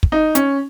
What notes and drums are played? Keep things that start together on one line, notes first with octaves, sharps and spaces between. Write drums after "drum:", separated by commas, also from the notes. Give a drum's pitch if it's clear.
drum: kick
D#4
C#4, drum: hi-hat